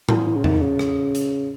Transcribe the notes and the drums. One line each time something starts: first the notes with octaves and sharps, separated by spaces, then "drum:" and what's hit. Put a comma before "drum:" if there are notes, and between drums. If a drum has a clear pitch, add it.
E3, drum: tom A2
E3
C#3
D#3, drum: tom E2
C#3
drum: rim click
drum: hi-hat